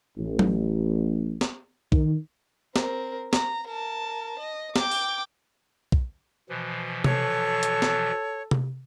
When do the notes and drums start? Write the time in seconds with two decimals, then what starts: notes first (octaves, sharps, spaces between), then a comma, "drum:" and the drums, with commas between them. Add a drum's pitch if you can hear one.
0.18 A1
0.39 drum: tom F#3
1.41 drum: snare
1.92 D#3, drum: kick
2.76 C4 A#4, drum: snare
3.33 A#5, drum: snare
3.67 A#4 A5
4.39 D#5
4.76 G5 D6, drum: snare
4.91 drum: open hi-hat
5.92 drum: kick
6.49 B2 E3 F3
7.04 A4 C#5, drum: tom C3
7.63 drum: hi-hat
7.82 drum: snare
8.51 drum: tom C3